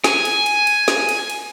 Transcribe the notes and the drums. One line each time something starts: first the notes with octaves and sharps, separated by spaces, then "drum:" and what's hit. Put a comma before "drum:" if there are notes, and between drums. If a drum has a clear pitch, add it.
G#5, drum: snare
drum: cymbal
drum: cymbal
drum: cymbal
drum: snare
drum: cymbal
drum: cymbal